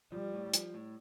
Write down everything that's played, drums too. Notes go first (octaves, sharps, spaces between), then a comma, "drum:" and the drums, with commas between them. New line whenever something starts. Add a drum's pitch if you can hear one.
F3 G3
A2
F3, drum: hi-hat
A2